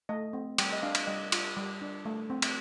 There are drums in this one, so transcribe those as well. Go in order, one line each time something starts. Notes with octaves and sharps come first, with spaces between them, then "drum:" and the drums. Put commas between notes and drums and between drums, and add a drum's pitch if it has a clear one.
A3 D#5
C4
G3 G5, drum: cymbal
D#5
D4 F5
drum: cymbal
G3 D#5
F4, drum: cymbal
G3
D4
A3
C4
drum: cymbal